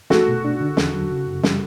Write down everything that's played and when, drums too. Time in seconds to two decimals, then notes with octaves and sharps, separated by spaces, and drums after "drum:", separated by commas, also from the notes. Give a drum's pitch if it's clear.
0.10 A3 F#4 A4, drum: snare
0.28 B2
0.44 D4
0.60 D3
0.77 E2, drum: snare
0.94 F#3
1.11 C#3
1.26 F#2
1.43 G3, drum: snare